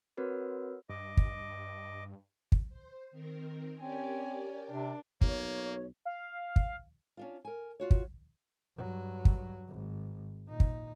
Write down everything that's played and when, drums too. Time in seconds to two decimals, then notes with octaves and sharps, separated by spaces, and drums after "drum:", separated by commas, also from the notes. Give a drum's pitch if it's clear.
0.17 C4 F#4 A#4 B4 C#5
0.89 G2 D#5 D6
1.17 drum: kick
2.52 drum: kick
2.69 C5
3.11 D#3 C4 A#4
3.80 C4 C#4 G4 A#4 D5 G#5
4.71 C3 D4
5.21 B1 A#3 C#5, drum: kick
6.05 F5
6.56 drum: kick
7.17 C#4 D4 F4
7.45 A#4 G#5
7.80 F4 F#4 C#5
7.91 drum: kick
8.77 G2 F#3
9.25 drum: kick
9.68 G#1
10.47 A#2 D#4
10.60 drum: kick